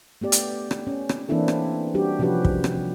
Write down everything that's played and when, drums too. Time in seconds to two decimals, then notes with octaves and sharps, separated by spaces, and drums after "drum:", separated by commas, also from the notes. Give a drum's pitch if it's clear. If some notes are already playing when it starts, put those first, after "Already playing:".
0.21 A3 B3 G4 D5
0.32 drum: hi-hat
0.71 drum: rim click
0.87 C#4
1.09 drum: rim click
1.29 E3 A#3 C4 D4 E4 A4
1.48 drum: rim click
1.94 G3 D4 F#4 G4
2.19 C3 F3 C#4 F#4 G4 B4
2.45 drum: kick
2.64 drum: rim click